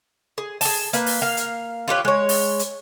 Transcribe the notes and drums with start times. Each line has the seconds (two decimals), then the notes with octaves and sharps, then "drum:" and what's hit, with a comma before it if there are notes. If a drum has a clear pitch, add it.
0.38 G#4
0.61 G#4 A5, drum: open hi-hat
0.93 A#3 B4, drum: hi-hat
1.06 drum: open hi-hat
1.22 A#3 F5
1.37 drum: hi-hat
1.88 F4 G4 B4 C#5
2.05 G#3 C#5
2.29 drum: open hi-hat
2.59 drum: hi-hat